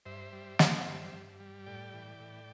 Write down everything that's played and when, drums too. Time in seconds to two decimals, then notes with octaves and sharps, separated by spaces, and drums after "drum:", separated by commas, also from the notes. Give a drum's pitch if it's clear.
0.06 G2 C5 E5
0.33 G3
0.59 G3, drum: snare
0.86 G2
1.13 G2
1.40 G3
1.66 A2 D5 G5
1.93 E3
2.20 A2